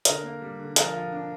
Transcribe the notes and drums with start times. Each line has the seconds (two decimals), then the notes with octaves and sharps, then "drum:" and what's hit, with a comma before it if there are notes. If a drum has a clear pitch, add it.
0.05 D3 A#4, drum: hi-hat
0.23 A#3
0.41 G3
0.59 D3
0.76 F3 A#4, drum: hi-hat
0.94 F3
1.12 D4